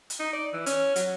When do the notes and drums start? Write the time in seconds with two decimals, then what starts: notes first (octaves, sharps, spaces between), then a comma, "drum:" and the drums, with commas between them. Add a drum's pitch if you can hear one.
0.10 drum: hi-hat
0.20 D#4
0.33 D5
0.53 E3
0.66 C#4, drum: hi-hat
0.96 F#3, drum: hi-hat